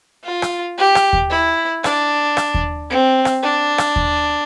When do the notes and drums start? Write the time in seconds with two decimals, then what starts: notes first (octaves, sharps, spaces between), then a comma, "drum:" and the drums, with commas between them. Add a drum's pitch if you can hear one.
0.24 F4
0.42 drum: rim click
0.78 G4
0.95 drum: rim click
1.13 drum: kick D#2
1.31 E4
1.84 D4, drum: rim click
2.37 drum: rim click
2.54 drum: kick D#2
2.90 C4
3.25 drum: rim click
3.43 D4
3.78 drum: rim click
3.96 drum: kick D#2